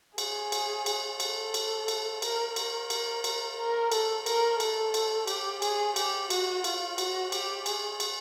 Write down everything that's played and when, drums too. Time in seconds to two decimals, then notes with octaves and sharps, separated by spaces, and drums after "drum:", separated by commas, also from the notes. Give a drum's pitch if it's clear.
0.18 G#4, drum: cymbal
0.52 drum: cymbal
0.86 drum: cymbal
1.20 A4, drum: cymbal
1.54 drum: cymbal
1.88 drum: cymbal
2.22 A#4, drum: cymbal
2.56 A#4, drum: cymbal
2.90 drum: cymbal
3.24 drum: cymbal
3.58 A#4
3.92 A4, drum: cymbal
4.26 A#4, drum: cymbal
4.60 A4, drum: cymbal
4.94 drum: cymbal
5.28 G4, drum: cymbal
5.62 G#4, drum: cymbal
5.96 G4, drum: cymbal
6.30 F#4, drum: cymbal
6.64 F4, drum: cymbal
6.98 F#4, drum: cymbal
7.32 G4, drum: cymbal
7.66 G#4, drum: cymbal
8.00 drum: cymbal